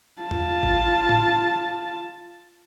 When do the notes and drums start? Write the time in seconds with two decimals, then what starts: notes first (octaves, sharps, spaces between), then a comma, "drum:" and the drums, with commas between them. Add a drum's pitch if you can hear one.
0.22 F4 A5
0.31 drum: tom E2
0.63 drum: kick G#1
1.09 drum: tom A2